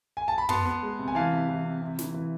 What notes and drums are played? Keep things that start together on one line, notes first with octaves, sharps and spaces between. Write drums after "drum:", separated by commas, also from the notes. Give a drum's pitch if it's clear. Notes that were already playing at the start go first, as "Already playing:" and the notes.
G#5
A5
B5
B3 A5 C6, drum: tom
B3
G#3
C3
G#5
E3 F5 A5
C3
E3
C3
C3
E3, drum: snare
E3